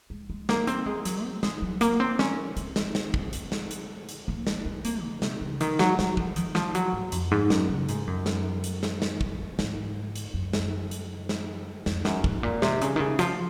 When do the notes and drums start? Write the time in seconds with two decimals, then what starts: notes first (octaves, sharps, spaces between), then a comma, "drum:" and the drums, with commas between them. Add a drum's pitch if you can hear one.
0.10 G#3
0.30 G#3
0.49 A#3, drum: snare
0.67 C4, drum: hi-hat
0.86 G#3
1.05 F#3, drum: hi-hat
1.24 C4
1.43 G#3, drum: snare
1.62 F#3
1.81 A#3, drum: hi-hat
2.00 C4
2.19 C#4, drum: snare
2.57 C4, drum: hi-hat
2.76 drum: snare
2.95 drum: snare
3.14 drum: kick
3.33 drum: hi-hat
3.52 drum: snare
3.71 drum: hi-hat
4.09 drum: hi-hat
4.28 A#3
4.47 drum: snare
4.66 C4
4.85 A#3, drum: hi-hat
5.04 C#3
5.22 C3, drum: snare
5.41 C#3
5.61 D#3, drum: hi-hat
5.79 F#3, drum: snare
5.99 F#3, drum: snare
6.17 F3, drum: kick
6.36 D#3, drum: hi-hat
6.55 F3, drum: snare
6.75 F#3, drum: hi-hat
6.93 G#2
7.12 F2, drum: hi-hat
7.31 G#2
7.50 F#2, drum: snare
7.69 C#3
7.89 G#2, drum: hi-hat
8.07 F#2
8.26 drum: snare
8.64 drum: hi-hat
8.83 drum: snare
9.02 drum: snare
9.21 drum: kick
9.59 G#2, drum: snare
10.16 drum: hi-hat
10.34 F#2
10.53 drum: snare
10.91 drum: hi-hat
11.29 drum: snare
11.86 F2, drum: snare
12.05 F#2, drum: snare
12.24 G#2, drum: kick
12.43 A#2
12.62 C3, drum: snare
12.82 C#3, drum: hi-hat
12.96 D#3
13.00 C#3
13.19 F3, drum: hi-hat